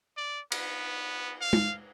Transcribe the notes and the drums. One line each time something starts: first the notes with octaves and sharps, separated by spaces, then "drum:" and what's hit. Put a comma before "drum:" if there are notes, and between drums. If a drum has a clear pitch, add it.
D5
B3, drum: cymbal
F5
drum: tom